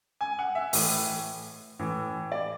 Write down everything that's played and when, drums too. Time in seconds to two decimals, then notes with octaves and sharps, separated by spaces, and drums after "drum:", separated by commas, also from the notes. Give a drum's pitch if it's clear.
0.21 G#5
0.39 F#5
0.55 E5
0.73 A2 E3, drum: open hi-hat
1.79 A2 E3
2.32 D5